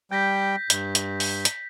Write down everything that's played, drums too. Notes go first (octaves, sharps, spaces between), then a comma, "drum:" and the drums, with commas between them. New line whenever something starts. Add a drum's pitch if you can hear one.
G3 G5 G6 A#6 B6
G2, drum: hi-hat
drum: hi-hat
drum: open hi-hat
drum: hi-hat